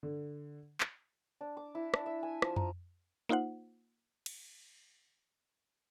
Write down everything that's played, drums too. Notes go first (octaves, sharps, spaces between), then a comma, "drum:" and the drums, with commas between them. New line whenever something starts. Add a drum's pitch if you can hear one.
D3
drum: clap
D4
D6
E4
D4, drum: rim click
E5
G#5
F3, drum: rim click
A#5, drum: tom F2
A#3 D#4 F4 C5 F#5
drum: cymbal